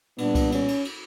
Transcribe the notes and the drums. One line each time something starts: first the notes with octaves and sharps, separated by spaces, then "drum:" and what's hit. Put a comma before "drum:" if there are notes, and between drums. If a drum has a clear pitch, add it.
A#2 G3 B3 D4, drum: cymbal
drum: kick C2, cymbal
C#4, drum: cymbal
drum: cymbal
drum: cymbal